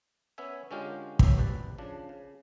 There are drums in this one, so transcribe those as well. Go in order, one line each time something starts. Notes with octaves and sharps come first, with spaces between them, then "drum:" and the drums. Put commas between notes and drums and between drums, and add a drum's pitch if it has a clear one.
B3 C#4 C#5 E5 G#5
D3 G#3 C#4 F4 G4 A#4
F3 F#3 B3 G4 C#5 E5, drum: kick
A1 C3 B4 D5
C#3 F3 D4
C#3